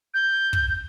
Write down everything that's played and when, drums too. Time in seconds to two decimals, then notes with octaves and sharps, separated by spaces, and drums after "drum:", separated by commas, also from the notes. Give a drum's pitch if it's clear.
0.14 G6
0.53 drum: kick